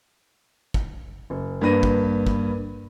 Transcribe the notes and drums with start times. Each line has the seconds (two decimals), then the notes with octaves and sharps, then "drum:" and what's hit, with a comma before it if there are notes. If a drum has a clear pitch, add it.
0.74 drum: kick
1.30 F#1
1.61 G2 A#3 B4 A#6 D#7
1.83 drum: kick
2.27 drum: kick